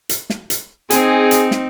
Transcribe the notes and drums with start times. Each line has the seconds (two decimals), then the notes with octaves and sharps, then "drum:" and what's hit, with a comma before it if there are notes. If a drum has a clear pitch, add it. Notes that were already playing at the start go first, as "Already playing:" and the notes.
0.09 drum: hi-hat
0.30 drum: snare
0.50 drum: hi-hat
0.90 C4 D#4 G#4, drum: hi-hat
1.31 drum: hi-hat
1.51 drum: snare